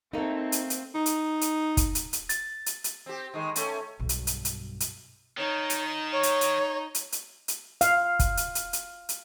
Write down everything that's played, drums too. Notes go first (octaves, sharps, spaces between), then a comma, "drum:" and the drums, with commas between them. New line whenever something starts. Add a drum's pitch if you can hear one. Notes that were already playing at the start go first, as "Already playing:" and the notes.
A3 A#3 C4 D#4 A4
drum: hi-hat
drum: hi-hat
D#4
drum: hi-hat
drum: hi-hat
drum: kick, hi-hat
drum: hi-hat
drum: hi-hat
A6, drum: hi-hat
drum: hi-hat
drum: hi-hat
C4 G4
D#3 G#3
A3 C#4, drum: hi-hat
B1 G2
drum: hi-hat
drum: hi-hat
drum: hi-hat
drum: hi-hat
D#3 D#4 C#5
drum: hi-hat
C#5
drum: hi-hat
drum: hi-hat
drum: hi-hat
drum: hi-hat
drum: hi-hat
F5, drum: hi-hat
drum: kick, hi-hat
drum: hi-hat
drum: hi-hat
drum: hi-hat
drum: hi-hat